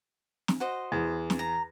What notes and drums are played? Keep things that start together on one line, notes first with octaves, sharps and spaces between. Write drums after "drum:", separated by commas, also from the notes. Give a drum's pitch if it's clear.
drum: snare
F#4 C5 D#5
E2
drum: snare
A#5